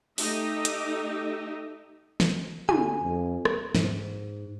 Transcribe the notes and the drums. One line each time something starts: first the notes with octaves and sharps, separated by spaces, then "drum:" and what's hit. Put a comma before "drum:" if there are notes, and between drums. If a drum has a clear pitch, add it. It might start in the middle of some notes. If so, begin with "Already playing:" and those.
A3 D#4 G4 D#5 E5, drum: open hi-hat
drum: hi-hat
drum: snare
D3 G#5, drum: tom
F2
drum: rim click
G#2, drum: snare